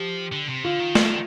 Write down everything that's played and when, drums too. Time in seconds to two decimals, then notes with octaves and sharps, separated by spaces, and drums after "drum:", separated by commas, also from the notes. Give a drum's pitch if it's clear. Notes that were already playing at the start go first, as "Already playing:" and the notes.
Already playing: F3 G4
0.32 D3
0.48 C3
0.64 D3 F4
0.79 D#3
0.95 F3, drum: snare
1.06 D#3